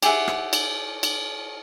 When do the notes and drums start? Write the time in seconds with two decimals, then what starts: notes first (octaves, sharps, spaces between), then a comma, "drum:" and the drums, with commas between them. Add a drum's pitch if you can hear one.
0.03 G4 G#4 E5 F#5, drum: cymbal
0.28 drum: rim click
0.53 drum: cymbal
1.03 drum: cymbal